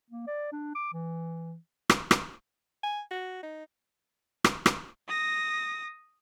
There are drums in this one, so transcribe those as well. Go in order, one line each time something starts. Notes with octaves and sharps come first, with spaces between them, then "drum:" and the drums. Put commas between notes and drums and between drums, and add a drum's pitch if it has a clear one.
A#3
D5
D4
D6
E3
drum: rim click
drum: rim click
G#5
F#4
D#4
drum: rim click
drum: rim click
D#6 A#6